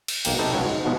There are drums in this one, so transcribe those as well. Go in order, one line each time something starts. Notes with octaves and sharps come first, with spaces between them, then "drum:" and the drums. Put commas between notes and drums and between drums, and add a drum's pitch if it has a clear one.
drum: cymbal
B1 A#3 G5, drum: cymbal
C3 D#4 A4 B4
C#2 F#3 B4 C#5 F5 G5
G#2
G#2 B2 F3 G#3 B3